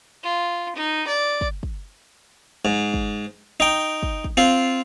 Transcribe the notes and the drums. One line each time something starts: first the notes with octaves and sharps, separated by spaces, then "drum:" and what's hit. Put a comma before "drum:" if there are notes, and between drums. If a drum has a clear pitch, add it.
F4
D#4
D5
drum: kick
drum: kick
G#2
drum: kick
D#4 G5
drum: kick
drum: kick
C4 F4